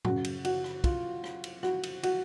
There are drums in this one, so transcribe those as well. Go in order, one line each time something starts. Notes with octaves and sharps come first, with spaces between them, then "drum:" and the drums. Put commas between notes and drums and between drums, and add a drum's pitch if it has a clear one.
F#2 C#3 F#3 F#4, drum: tom
drum: cymbal
F#4, drum: cymbal
drum: rim click
F4, drum: kick, cymbal
drum: rim click
drum: cymbal
F#4, drum: rim click
drum: cymbal
F#4, drum: cymbal